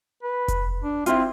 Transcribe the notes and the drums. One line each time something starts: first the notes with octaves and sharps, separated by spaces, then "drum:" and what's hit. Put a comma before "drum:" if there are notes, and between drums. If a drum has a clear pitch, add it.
B4
drum: kick F1, hi-hat
D4
C4 E4 F4, drum: hi-hat